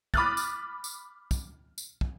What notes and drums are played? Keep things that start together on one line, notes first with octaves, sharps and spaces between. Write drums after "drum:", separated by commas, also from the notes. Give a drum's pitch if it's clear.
B5 D6 D#6 F6 F#6 A6, drum: kick
drum: tambourine
drum: tambourine
drum: kick, tambourine
drum: tambourine
drum: kick